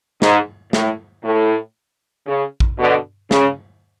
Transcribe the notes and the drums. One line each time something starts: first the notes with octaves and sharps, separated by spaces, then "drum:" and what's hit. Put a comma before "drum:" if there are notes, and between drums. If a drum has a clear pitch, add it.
G#2, drum: snare
A2, drum: snare
A2
C#3
drum: kick
B2 D3
C#3, drum: snare